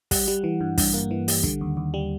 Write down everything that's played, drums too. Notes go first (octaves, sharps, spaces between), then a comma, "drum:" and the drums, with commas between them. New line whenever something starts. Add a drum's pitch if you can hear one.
G3 F#5, drum: kick, open hi-hat
G3
E3
G2
G2, drum: kick, open hi-hat
A#3
E3
G3, drum: open hi-hat
D3, drum: kick
D#2
D#2
G3